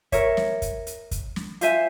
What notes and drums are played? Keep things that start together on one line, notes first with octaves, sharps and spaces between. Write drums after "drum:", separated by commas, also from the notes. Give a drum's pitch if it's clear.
A#4 C#5 E5, drum: kick, hi-hat
drum: snare
drum: kick, hi-hat
drum: hi-hat
drum: kick, hi-hat
drum: snare
F4 C5 E5 G#5, drum: hi-hat